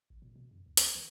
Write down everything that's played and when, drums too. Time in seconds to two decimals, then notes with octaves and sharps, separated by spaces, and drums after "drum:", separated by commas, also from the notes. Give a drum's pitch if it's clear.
0.10 A1
0.22 A#2
0.36 B2
0.51 F#2
0.66 D2
0.77 D#2, drum: hi-hat
0.95 D#3